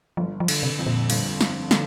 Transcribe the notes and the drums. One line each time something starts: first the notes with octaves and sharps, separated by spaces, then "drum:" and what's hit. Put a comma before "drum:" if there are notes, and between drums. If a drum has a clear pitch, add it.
G1 F3
F3
D3, drum: cymbal
C3
F2
A#2
G1, drum: cymbal
G1, drum: snare
D3, drum: snare